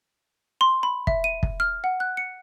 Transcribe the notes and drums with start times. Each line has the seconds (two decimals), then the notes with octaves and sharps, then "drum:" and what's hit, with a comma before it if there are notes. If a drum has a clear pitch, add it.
0.61 C6
0.83 B5
1.07 E5, drum: kick
1.24 D#7
1.43 drum: kick
1.60 F6
1.84 F#5
2.00 F#6
2.17 C#7